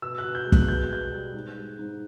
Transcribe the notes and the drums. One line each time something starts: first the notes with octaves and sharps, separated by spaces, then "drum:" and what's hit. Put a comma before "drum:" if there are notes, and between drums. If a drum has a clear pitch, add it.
B2 E6
F#6
B2
G6
G#3
F#6, drum: kick
B2 G6
B2 G6
G3
G#2
G#3
G#2